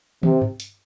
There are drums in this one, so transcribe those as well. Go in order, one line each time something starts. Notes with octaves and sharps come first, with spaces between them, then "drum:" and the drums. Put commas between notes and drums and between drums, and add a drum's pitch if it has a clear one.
C3, drum: tom
drum: tom G2
drum: hi-hat